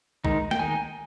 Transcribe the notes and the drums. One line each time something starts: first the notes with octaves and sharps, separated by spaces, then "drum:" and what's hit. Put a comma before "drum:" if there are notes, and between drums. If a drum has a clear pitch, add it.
D#3 G#3 D#4, drum: kick B1
G5, drum: snare
D#3 G#3 D#4 G#5